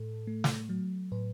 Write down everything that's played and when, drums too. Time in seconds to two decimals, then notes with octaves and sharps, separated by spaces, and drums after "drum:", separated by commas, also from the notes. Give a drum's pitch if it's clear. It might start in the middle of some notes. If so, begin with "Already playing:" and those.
Already playing: A2 A4
0.27 A3
0.44 drum: snare
0.69 F#3
1.12 A2 B4